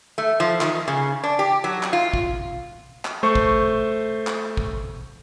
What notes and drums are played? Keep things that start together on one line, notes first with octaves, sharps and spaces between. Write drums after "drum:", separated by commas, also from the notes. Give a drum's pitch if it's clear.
A3
F3
D#3, drum: clap
C#3
D4
G4
F#3
drum: clap
F4
drum: kick
drum: clap
A3 C5 C#6
drum: kick
drum: clap
drum: kick